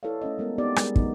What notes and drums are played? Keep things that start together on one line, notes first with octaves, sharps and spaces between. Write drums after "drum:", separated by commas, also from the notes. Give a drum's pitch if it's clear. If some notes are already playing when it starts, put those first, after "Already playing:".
E4 A4 B4 C#5 D5 F5
A3 C#4 D#5
G3 G#3 B3 A#4
B3 C4 D#4 G4 D5
G3 G#3 B3 G#4 A#4 B4, drum: rim click
F3 A3 B3 D#4, drum: kick